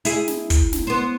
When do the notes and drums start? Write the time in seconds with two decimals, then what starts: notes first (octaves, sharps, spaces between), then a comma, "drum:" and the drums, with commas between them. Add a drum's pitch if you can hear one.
0.05 E4 G#4, drum: hi-hat
0.28 drum: snare
0.50 drum: kick, hi-hat
0.73 drum: snare
0.87 B3 C5